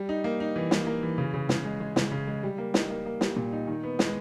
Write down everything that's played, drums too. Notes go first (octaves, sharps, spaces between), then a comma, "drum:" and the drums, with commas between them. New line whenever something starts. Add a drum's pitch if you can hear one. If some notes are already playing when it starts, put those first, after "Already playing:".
Already playing: G3
D#4
A#3
D#4
E3
A#3, drum: snare
A#3
E3
C#3
C#3
C#3, drum: snare
G#3
G#3
C#3, drum: snare
C#3
G#3
G3
A#3
D#4, drum: snare
A#3
A#3
G3, drum: snare
A#2
D#4
D#3
B3
G#3, drum: snare